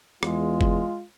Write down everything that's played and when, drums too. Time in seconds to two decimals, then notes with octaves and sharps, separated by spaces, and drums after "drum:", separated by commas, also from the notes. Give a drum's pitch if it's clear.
0.23 E2 G#3 F4, drum: rim click
0.61 drum: kick F#1